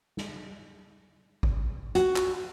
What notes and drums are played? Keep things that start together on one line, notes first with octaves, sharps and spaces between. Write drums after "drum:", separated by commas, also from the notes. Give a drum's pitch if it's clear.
drum: snare
drum: kick G#1
F#4, drum: hi-hat
drum: clap